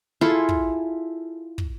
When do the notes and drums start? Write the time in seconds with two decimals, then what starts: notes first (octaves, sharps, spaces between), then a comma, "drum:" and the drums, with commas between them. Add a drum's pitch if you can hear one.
0.21 E4 F4 G#4 A4
0.49 drum: kick
1.58 drum: kick